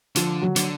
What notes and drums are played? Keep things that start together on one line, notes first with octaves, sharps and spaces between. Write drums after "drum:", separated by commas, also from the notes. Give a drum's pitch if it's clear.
D3 F3 F4, drum: hi-hat
F#3 F#4
D3, drum: hi-hat